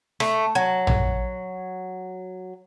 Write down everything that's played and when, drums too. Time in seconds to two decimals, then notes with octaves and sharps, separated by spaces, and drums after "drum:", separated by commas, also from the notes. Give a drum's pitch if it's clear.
0.20 A3, drum: rim click
0.55 F#3
0.87 drum: tom A#1